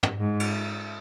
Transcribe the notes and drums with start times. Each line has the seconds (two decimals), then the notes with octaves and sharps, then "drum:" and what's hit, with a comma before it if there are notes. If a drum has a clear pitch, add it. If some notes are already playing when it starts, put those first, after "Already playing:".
0.03 drum: tom
0.20 G#2
0.40 drum: cymbal